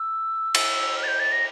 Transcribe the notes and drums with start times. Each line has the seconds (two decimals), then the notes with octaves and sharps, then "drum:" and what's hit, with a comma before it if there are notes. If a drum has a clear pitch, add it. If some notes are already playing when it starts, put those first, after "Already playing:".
Already playing: E6
0.54 drum: cymbal
0.97 F6
1.03 A6
1.08 G6
1.19 A6
1.32 A#6